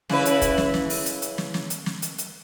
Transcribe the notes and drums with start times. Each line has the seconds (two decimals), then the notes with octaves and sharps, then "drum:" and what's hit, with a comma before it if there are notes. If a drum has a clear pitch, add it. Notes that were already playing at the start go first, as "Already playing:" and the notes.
0.09 C#3 E4 B4, drum: snare
0.25 drum: hi-hat
0.42 drum: kick, hi-hat
0.58 drum: snare
0.74 drum: snare
0.90 drum: open hi-hat
1.06 drum: hi-hat
1.22 drum: hi-hat
1.38 drum: snare
1.54 drum: snare
1.70 drum: hi-hat
1.86 drum: snare
2.02 drum: hi-hat
2.18 drum: hi-hat